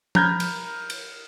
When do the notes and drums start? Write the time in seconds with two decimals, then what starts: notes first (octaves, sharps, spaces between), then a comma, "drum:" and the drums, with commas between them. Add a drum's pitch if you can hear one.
0.15 A#5 B5 F6 G6 G#6 A#6, drum: tom F3
0.40 drum: cymbal
0.90 drum: cymbal